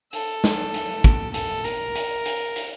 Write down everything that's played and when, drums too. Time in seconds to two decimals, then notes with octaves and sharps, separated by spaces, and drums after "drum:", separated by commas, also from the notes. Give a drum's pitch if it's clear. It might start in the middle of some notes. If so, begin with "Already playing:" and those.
0.13 A4, drum: hi-hat
0.44 drum: snare
0.74 drum: hi-hat
1.04 drum: kick, hi-hat
1.34 A4, drum: hi-hat
1.65 A#4, drum: hi-hat
1.95 drum: hi-hat
2.26 drum: hi-hat
2.56 drum: hi-hat